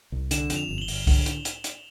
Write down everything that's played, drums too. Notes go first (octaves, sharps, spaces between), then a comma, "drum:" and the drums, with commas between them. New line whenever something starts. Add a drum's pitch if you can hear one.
C2
D3 E7, drum: hi-hat
F2, drum: hi-hat
F7
G1
F#7
G7
G1, drum: open hi-hat
D3, drum: kick C2, open hi-hat
drum: hi-hat
drum: hi-hat
drum: hi-hat